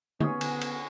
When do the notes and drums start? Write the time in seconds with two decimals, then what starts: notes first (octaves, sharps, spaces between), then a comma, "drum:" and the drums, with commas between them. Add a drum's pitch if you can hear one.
0.20 B3 C#4 G#4, drum: tom D3
0.41 drum: cymbal
0.61 drum: cymbal